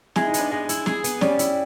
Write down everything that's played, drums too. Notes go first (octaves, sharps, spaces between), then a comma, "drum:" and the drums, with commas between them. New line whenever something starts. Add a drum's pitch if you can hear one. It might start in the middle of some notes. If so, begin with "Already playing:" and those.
G#3 E4, drum: snare
D#4
B3, drum: hi-hat
D4
G#3
E4, drum: hi-hat
G#4, drum: snare
B3, drum: hi-hat
G3 C#4, drum: snare
E4, drum: hi-hat